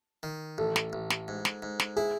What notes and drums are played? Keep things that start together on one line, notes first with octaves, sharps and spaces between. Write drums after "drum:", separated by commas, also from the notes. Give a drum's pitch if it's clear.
D#3
A1 A4
drum: snare
A1
drum: snare
G#2
drum: snare
G#2
drum: snare
E4 G#4